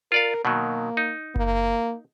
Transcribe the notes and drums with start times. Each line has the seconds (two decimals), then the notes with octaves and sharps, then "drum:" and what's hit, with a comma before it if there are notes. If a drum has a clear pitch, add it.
0.12 F4 A#4 D5 F5
0.45 B2 D#3 F#3 A#3
0.97 D#4
1.36 A#3, drum: kick F#1